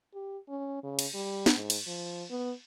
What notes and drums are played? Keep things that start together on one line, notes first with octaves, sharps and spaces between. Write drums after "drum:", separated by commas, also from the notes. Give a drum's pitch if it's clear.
G4
C#4
C#3
drum: cymbal
G3
drum: snare
G#2
drum: cymbal
F3
B3